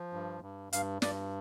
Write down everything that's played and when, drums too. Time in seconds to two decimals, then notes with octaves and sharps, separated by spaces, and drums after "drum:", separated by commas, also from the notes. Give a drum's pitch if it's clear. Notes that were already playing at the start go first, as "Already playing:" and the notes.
Already playing: F3
0.13 G2
0.42 G2
0.73 G2 F5, drum: hi-hat
1.02 G2 D5, drum: snare